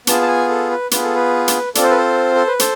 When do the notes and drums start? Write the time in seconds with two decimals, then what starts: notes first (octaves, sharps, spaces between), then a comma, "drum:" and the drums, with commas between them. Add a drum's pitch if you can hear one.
0.07 B3 F4 G#4 A5, drum: hi-hat
0.22 A5
0.28 G#5
0.49 A4
0.71 B4
0.91 B3 F4 G#4 B4, drum: hi-hat
1.03 A4
1.15 B4
1.48 drum: hi-hat
1.75 C4 F4 A4 D5, drum: hi-hat
1.83 C5
1.91 B4
1.98 C5
2.35 A4
2.47 B4
2.59 A4 C5, drum: hi-hat